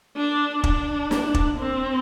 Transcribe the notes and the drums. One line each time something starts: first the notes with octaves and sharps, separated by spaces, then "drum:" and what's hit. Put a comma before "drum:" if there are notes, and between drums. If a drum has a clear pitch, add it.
D4
D4, drum: kick
drum: snare
drum: kick
C4